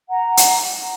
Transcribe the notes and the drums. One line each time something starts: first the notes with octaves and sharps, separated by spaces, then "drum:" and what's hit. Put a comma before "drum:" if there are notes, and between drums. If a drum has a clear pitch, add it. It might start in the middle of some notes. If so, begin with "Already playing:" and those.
F#5 A#5
drum: hi-hat